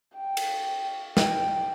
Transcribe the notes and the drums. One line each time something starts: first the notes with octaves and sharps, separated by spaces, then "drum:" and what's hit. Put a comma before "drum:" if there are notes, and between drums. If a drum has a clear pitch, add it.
G5
drum: cymbal
G5, drum: snare